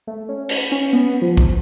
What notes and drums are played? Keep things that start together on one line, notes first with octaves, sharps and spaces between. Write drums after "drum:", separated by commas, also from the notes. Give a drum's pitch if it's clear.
A3
C#4
drum: cymbal
C#4
B3
F3
drum: kick